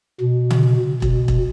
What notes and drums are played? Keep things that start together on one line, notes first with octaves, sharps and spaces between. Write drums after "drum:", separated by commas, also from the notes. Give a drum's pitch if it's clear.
B2
drum: tom C#3
B2, drum: kick E1
drum: kick E1